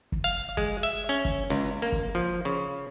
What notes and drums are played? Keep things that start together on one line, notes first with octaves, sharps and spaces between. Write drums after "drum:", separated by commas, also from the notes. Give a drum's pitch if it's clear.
drum: kick
F5
G#3, drum: kick
E5
C#4
drum: kick
C#2
A#3
drum: kick
F3
C#3